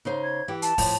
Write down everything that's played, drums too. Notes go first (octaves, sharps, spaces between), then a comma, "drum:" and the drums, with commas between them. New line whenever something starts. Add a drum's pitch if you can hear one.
C#3 D#4 C5
G#6
E3 G4
A5, drum: hi-hat
A2 F3, drum: kick, open hi-hat